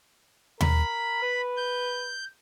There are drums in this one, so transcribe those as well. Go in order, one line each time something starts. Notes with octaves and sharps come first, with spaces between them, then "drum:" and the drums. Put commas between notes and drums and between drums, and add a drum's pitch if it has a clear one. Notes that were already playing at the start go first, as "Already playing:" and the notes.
A#4 B5, drum: tom D#2
B4
G6